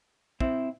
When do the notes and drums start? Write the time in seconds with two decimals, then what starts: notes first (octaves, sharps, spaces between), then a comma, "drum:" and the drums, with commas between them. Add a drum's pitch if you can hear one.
0.40 C4 E4, drum: kick